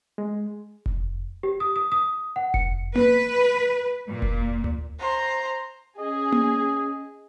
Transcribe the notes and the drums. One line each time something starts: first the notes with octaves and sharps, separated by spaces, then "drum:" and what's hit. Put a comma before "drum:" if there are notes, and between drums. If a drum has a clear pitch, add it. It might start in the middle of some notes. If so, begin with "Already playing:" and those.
G#3
drum: kick F1
G4
D#6
D#6
D#6
F#5
C#7, drum: kick F1
B4, drum: tom A#3
A#2
drum: kick F1
drum: tom D2
C5 A#5
C#4 G#4 D#5
drum: tom A#3